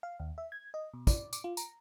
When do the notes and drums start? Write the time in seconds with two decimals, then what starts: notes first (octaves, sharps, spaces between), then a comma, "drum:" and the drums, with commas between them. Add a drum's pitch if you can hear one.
0.03 F5
0.20 D#2
0.38 E5
0.52 G#6
0.74 D#5
0.94 B2
1.07 D5, drum: kick, tambourine
1.33 D6, drum: tambourine
1.44 F4
1.57 A#5, drum: tambourine